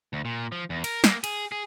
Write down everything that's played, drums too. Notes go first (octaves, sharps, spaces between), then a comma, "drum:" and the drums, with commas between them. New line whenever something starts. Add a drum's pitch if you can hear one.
D2
A#2
F3
E2
A#4, drum: cymbal
A#3, drum: snare
G#4, drum: cymbal
G#4